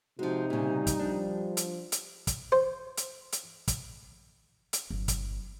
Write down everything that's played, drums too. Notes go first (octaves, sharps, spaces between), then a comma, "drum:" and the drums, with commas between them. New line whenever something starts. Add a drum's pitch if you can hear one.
C3 F3 G#3 D#4 F#4
A#2 C#3 G3
drum: kick, hi-hat
F3 D4
drum: hi-hat
drum: hi-hat
drum: kick, hi-hat
C5
drum: hi-hat
drum: hi-hat
drum: kick, hi-hat
drum: hi-hat
G1 F#3
drum: kick, hi-hat